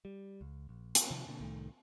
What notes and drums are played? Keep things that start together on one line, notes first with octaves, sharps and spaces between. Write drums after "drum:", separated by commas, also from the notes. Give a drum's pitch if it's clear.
G3
C#2
A#1
drum: hi-hat
C3 D#3 F3
B2 D3 A#3
C2 A2 D#3 A3